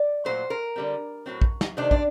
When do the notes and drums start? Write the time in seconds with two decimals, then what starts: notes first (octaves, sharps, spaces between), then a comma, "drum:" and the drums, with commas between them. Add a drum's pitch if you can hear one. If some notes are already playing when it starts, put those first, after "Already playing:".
Already playing: D5
0.25 A#2 F#3 A3 C5
0.50 A#4
0.76 D3 G3 C4
1.26 A2 F#3 C4
1.42 drum: kick
1.61 drum: snare
1.77 C3 D#3 A3 C4 D4
1.91 D4, drum: kick